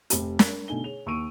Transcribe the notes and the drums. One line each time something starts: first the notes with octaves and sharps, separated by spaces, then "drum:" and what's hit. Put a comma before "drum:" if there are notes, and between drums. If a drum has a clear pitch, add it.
F1 G4, drum: hi-hat
A#4, drum: snare
B2 D3 A3 D#4 G#5 G7
G#4 C#5 F7
D#2 C#6 E6 D7 D#7